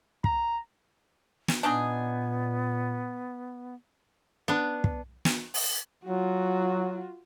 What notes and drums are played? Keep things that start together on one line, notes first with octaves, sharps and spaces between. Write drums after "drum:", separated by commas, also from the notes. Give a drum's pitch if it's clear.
A#5, drum: kick
drum: snare
A#2 B3 D4 D#4 G#4
B3 D4
drum: kick
drum: snare
drum: open hi-hat
F#3 F4 F#4